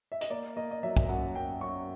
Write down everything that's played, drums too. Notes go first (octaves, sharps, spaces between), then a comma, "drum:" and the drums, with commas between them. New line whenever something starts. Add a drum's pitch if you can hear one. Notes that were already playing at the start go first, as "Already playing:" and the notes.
E5
D#5, drum: hi-hat
A#3 D5
A#3 D#5
D#5
F#3 E5
drum: kick
F#2 F#5
F#2 G5
F#2 C#6